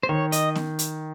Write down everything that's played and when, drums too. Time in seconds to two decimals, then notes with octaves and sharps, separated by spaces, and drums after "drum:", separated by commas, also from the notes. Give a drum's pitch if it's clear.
0.03 C5
0.09 D#3 C#5
0.32 D#5, drum: hi-hat
0.55 drum: snare B3
0.79 drum: hi-hat